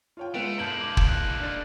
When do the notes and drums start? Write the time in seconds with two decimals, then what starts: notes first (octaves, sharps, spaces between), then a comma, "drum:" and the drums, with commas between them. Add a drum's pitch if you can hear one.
0.17 F4 C#5 G5
0.34 G#3 A3 B3 F4 D7 F7
0.59 E1 G#3 A#3 A5 G6 F#7
0.81 D6
0.97 drum: kick
1.09 E3 F#6
1.40 D4 D5 A6